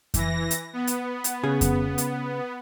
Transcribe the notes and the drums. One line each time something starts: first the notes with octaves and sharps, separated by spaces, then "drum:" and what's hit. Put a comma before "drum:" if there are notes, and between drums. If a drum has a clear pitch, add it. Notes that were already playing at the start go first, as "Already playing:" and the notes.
E3 A#6, drum: kick F2, hi-hat
drum: hi-hat
B3
drum: hi-hat
drum: hi-hat
C#3 G#4
drum: kick F2, hi-hat
drum: hi-hat